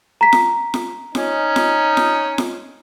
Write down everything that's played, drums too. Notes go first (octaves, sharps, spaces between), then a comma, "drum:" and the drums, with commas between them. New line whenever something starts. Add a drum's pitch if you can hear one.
A#5 B6
drum: snare F4
drum: snare F4
C#4 D#4, drum: snare F4
drum: snare F4
drum: snare F4
drum: snare F4